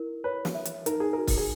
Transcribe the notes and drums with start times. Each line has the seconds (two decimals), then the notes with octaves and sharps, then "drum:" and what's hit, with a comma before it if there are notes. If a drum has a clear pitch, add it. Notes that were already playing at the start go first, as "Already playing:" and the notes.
Already playing: E4 A#4
0.24 B4 C#5
0.45 drum: snare
0.55 E5
0.65 drum: hi-hat
0.86 D#4 A#4, drum: hi-hat
1.00 G#4
1.13 F#4 A#4
1.27 drum: kick, open hi-hat
1.37 G#4